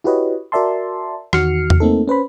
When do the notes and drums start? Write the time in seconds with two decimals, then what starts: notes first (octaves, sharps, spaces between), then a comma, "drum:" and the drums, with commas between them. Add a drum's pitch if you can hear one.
0.04 E4 F#4 G4 B4 C#5 D#5
0.52 F#4 A#4 D5 E5 A5 C6
1.33 E2 D#3 F#4 F6 C7 C#7, drum: rim click
1.70 drum: tom E2
1.80 A3 A#3 C4 D#4 A4
2.08 C#4 B4 C5 B5